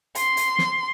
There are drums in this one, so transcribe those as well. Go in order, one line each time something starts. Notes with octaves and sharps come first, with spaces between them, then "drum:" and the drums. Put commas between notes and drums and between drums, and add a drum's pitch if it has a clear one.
C6, drum: hi-hat
drum: hi-hat
drum: snare